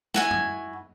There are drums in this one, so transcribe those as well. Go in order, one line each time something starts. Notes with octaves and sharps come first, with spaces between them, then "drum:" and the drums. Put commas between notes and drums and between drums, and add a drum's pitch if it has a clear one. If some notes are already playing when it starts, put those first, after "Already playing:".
E4 F#4 G#5, drum: snare
drum: tom F#2